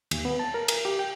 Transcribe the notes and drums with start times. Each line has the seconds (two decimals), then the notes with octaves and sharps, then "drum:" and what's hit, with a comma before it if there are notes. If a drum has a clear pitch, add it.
0.11 D#2, drum: cymbal
0.25 B3
0.39 A5
0.54 A#4
0.68 A#4, drum: cymbal
0.85 G4
0.99 G5